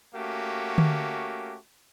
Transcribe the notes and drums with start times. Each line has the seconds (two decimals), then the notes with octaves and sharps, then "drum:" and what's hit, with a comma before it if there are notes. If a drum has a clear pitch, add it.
0.14 A3 A#3 C#4 F#4 G4
0.78 drum: tom D3